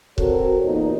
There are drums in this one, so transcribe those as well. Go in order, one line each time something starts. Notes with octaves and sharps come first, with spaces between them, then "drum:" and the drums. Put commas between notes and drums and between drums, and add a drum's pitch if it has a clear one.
C4 F#4 A4 A#4 C#5, drum: kick C#1
E2 A#2 D#4